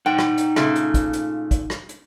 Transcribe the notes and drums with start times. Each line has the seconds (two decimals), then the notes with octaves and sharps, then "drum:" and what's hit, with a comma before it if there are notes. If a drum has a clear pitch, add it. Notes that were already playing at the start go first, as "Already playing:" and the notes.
0.06 D#4 F#5 G5
0.19 drum: rim click
0.37 drum: hi-hat
0.56 A#2 C#3 A3, drum: rim click
0.75 drum: hi-hat
0.94 drum: kick, hi-hat
1.13 drum: hi-hat
1.51 drum: kick, hi-hat
1.70 drum: rim click
1.89 drum: hi-hat